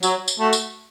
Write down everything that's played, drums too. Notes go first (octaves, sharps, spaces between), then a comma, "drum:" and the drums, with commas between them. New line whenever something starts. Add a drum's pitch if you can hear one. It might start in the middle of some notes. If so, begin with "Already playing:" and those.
F#3, drum: tambourine
drum: tambourine
A3 F#4 A4
drum: tambourine